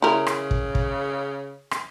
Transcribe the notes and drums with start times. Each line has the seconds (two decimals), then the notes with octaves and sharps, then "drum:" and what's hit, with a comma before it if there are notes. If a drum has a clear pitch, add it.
0.02 C#3 E4 A#4
0.27 drum: rim click
0.51 drum: kick
0.75 drum: kick
1.71 drum: rim click